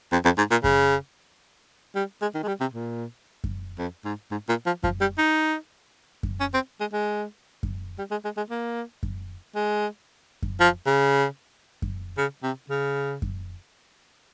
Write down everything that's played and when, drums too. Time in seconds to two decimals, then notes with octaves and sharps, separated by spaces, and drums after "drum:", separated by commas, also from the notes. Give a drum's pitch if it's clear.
0.12 F2
0.25 F2
0.38 G#2
0.51 A#2
0.64 C#3, drum: kick F#2
1.95 G3
2.22 G#3
2.34 D#3
2.43 G#3
2.48 G3
2.61 C3
2.74 A#2
3.44 drum: kick F#2
3.78 F2
4.05 G#2
4.31 G#2
4.49 A#2
4.66 F3
4.84 F3, drum: kick F#2
5.01 G3
5.18 D#4
6.23 drum: kick F#2
6.40 C#4
6.54 C4
6.80 G#3
6.93 G#3
7.63 drum: kick F#2
7.98 G3
8.11 G#3
8.24 G#3
8.37 G#3
8.50 A#3
9.03 drum: kick F#2
9.55 G#3
10.42 drum: kick F#2
10.61 F3
10.86 C#3
11.82 drum: kick F#2
12.18 C#3
12.43 C3
12.70 C#3
13.22 drum: kick F#2